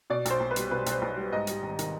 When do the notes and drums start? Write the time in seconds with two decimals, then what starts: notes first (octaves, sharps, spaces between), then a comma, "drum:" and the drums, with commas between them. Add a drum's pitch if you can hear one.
0.10 B2 D5
0.26 B1 C5, drum: hi-hat
0.40 B1
0.51 B4
0.56 G3, drum: hi-hat
0.71 B2 B4
0.86 B1, drum: hi-hat
0.92 C5
1.02 B1
1.17 G3
1.32 G#2 D#5
1.47 G3, drum: hi-hat
1.63 G#1
1.79 D#3, drum: hi-hat